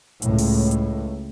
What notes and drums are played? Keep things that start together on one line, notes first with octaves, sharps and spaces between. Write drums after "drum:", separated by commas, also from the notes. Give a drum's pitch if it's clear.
C#2 A2, drum: hi-hat
drum: open hi-hat
drum: hi-hat